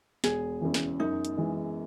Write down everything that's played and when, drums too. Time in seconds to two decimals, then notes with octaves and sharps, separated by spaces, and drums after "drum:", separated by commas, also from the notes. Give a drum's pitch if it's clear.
0.24 E1 G#4, drum: snare
0.61 E2 C#3 E3
0.74 drum: snare
0.99 F#2 D#4
1.25 drum: hi-hat
1.37 E3 G#3